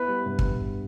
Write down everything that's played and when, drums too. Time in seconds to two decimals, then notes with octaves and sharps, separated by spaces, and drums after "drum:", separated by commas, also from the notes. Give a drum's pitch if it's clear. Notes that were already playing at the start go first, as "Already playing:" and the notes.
Already playing: B3 E4 B4
0.08 G3
0.26 G2
0.39 drum: kick